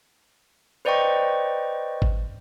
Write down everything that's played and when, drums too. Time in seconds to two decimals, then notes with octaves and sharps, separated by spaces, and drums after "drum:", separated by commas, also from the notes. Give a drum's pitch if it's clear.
0.85 B4 C5 D5 D#5 G5 C#6
2.02 drum: kick G#1